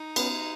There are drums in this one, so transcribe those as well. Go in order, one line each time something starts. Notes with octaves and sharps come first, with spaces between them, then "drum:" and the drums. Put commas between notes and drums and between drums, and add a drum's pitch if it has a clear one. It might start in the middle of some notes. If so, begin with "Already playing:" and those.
Already playing: D#4
B3 C#4, drum: cymbal